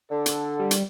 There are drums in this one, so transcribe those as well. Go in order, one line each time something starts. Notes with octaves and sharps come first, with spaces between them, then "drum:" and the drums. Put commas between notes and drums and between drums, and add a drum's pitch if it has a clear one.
D3 A4
drum: hi-hat
G3
drum: hi-hat